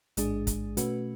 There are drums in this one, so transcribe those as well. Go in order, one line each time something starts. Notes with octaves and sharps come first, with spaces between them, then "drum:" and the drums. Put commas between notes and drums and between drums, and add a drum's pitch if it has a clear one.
A1 G#2 G#3 D4 G#4, drum: hi-hat
drum: kick, hi-hat
B2 A3 C#4 F#4 B4, drum: hi-hat